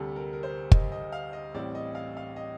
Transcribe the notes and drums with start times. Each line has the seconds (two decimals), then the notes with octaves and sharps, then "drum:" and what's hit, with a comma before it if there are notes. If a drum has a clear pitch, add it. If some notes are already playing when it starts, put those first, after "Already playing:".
Already playing: D2 C3 G3 A4
0.16 A#4
0.33 A#4
0.43 C5
0.71 D#5, drum: kick
0.92 D#5
1.12 F5
1.33 D#5
1.54 A1 A2 G3 C4 D5
1.75 D#5
1.95 F5
2.17 F5
2.36 D#5